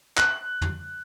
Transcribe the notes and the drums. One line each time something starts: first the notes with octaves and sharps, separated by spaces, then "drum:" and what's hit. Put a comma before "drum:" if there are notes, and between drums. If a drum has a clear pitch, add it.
F#6, drum: clap
drum: tom